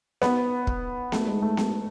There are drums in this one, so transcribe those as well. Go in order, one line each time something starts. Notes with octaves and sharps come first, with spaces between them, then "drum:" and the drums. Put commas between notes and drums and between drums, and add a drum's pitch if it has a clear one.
B3, drum: snare B3
drum: kick
A3, drum: snare B3
G#3
A3
drum: snare B3